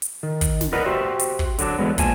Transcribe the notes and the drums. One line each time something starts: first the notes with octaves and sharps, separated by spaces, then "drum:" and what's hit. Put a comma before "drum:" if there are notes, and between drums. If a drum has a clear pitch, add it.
drum: hi-hat
D#3
drum: kick, hi-hat
drum: snare
A#4 B4 D5 D#5 F#5
F#4 G4 C5 E5
drum: hi-hat
drum: kick
D3 F#3 D4, drum: hi-hat
D3 E3 F#3 G#3 B3
A#2 F3 G#5 A5, drum: kick, hi-hat